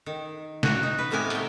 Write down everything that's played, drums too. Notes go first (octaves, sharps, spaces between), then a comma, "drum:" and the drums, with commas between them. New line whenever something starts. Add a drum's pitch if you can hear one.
D#3
F#4, drum: snare
D#4
B4
A2 C3 A#3 B3 A#4 G#5
A3 G5, drum: hi-hat